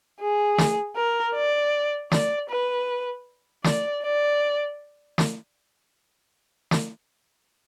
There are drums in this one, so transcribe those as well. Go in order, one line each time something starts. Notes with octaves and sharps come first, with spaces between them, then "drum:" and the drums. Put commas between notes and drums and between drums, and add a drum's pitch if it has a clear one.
G#4
drum: snare
A#4
D5
D5, drum: snare
B4
D5, drum: snare
D5
drum: snare
drum: snare